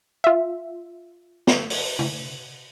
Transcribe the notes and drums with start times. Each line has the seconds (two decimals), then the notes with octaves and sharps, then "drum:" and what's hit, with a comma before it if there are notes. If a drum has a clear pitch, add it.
0.24 F4 E5
1.47 drum: snare
1.70 drum: open hi-hat
1.99 drum: tom C3